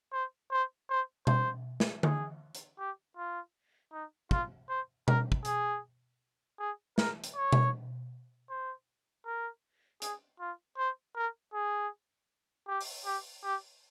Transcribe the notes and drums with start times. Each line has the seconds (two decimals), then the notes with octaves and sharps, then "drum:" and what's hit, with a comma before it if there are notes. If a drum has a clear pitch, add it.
0.13 C5
0.51 C5
0.90 C5
1.27 C5, drum: tom B2
1.80 drum: snare
2.03 G#4, drum: tom D3
2.55 drum: hi-hat
2.79 G4
3.17 F4
3.93 D#4
4.31 F4, drum: kick
4.69 C5
5.08 A#4, drum: tom B2
5.32 drum: kick
5.45 G#4, drum: hi-hat
6.60 G#4
6.98 A#4, drum: snare
7.24 drum: hi-hat
7.36 C#5
7.52 drum: tom B2
8.50 C5
9.26 A#4
10.02 G#4, drum: hi-hat
10.40 F4
10.78 C5
11.16 A#4
11.54 G#4
12.68 G4
12.81 drum: open hi-hat
13.06 G4
13.44 G4